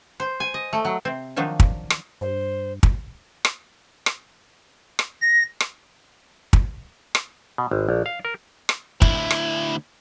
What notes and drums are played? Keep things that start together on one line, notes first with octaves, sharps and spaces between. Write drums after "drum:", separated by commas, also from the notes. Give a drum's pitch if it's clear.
C5
G#5
D#5
A3
F#3
C3 C4
D#3 F3 F#3 D4 D#4
drum: kick
drum: rim click
G2 C5
drum: kick
drum: rim click
drum: rim click
drum: rim click
A#6
drum: rim click
drum: kick
drum: rim click
B2
G#1
A#1
F5
A#4
drum: rim click
D2 E4, drum: kick
drum: rim click